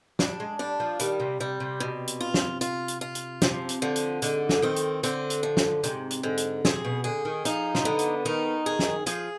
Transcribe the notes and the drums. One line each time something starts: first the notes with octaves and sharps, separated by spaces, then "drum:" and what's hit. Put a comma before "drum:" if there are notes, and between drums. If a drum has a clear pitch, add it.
G3 D4, drum: snare
G#3
G3 D4
F3
D#3 G3, drum: hi-hat
C3
C3 G3
C3
B2
drum: hi-hat
F4
drum: snare
F4, drum: hi-hat
drum: hi-hat
F4
drum: hi-hat
C3 F3, drum: snare
drum: hi-hat
D3 F3
drum: hi-hat
G#2 D3, drum: hi-hat
drum: snare
D#3 C4
drum: hi-hat
D3 C4, drum: hi-hat
drum: hi-hat
F3
drum: snare
G#2 C3, drum: hi-hat
drum: hi-hat
G#2 D3
drum: hi-hat
C3 G#4, drum: snare
B2
D3 G#4
D#3
F3 D#4, drum: hi-hat
C3, drum: snare
D3 B3
drum: hi-hat
D#3 D#4
G#4
drum: snare
F3 G#4, drum: hi-hat